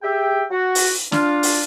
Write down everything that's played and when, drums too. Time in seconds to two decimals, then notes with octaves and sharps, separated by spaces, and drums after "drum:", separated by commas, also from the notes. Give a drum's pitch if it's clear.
0.03 G4 G#4 E5 G5
0.51 F#4
0.75 drum: open hi-hat
1.12 D4 F4, drum: snare
1.43 drum: open hi-hat